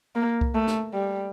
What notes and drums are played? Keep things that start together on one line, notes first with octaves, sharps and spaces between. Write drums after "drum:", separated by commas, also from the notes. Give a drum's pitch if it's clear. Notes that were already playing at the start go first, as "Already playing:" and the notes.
A#3
drum: kick C2
A3
drum: snare
G3